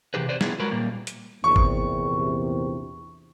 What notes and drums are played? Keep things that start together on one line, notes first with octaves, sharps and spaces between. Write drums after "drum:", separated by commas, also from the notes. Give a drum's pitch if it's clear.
C3 D#3 E3 G4 G#4 B4
B4 C5 D5
G3 B3 E4 F4 G#4, drum: snare
F#3 G#3 F#4 A#4 B4
A#2 G3 A#3
drum: hi-hat
A#1 E2 C3 C#6
drum: kick G1